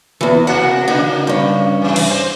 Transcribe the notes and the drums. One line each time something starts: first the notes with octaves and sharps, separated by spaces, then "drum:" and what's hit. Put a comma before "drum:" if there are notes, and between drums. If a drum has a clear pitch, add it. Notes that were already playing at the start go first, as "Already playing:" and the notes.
E2 E3
C3 A#3 F#4 F#5
C#3 A#3 D#4
G2 C#4
C3 E3
drum: cymbal
C5